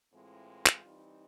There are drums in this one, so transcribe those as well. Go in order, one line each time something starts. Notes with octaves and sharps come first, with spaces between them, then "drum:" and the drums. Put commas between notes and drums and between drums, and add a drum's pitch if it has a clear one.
A2 E3 G#3 C4 F4
drum: clap
E3 G3 C4 D#4